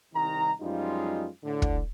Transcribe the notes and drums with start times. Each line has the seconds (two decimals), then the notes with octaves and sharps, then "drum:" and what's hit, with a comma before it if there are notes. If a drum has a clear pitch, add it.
0.14 C2 D#3 A#5
0.60 F#2 F3 G3 G#3 D#4 F4
1.43 A2 D3
1.62 drum: kick